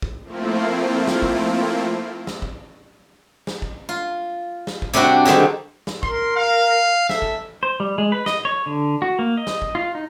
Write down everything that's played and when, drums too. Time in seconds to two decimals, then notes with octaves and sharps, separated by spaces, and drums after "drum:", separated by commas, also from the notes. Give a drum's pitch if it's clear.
0.02 drum: kick A1
0.23 F3 A3 A#3 C4 E4 F4
1.07 drum: snare
1.22 drum: kick A1
2.27 drum: snare
2.42 drum: kick A1
3.47 drum: snare
3.62 drum: kick A1
3.89 F4
4.67 drum: snare
4.82 drum: kick A1
4.93 C3 G3 C4 D4 F#4
5.25 D3 D#3 G3 G#3 C4
5.87 drum: snare
6.03 A#4 C6, drum: kick A1
6.36 F5
7.09 A4 E5, drum: snare
7.22 drum: kick A1
7.63 C5
7.80 G3
7.98 G#3
8.12 B4
8.26 D#5, drum: snare
8.45 C#5
8.66 D3
9.02 F#4
9.19 A#3
9.37 D#5
9.47 drum: snare
9.62 drum: kick A1
9.75 F4
9.95 D#4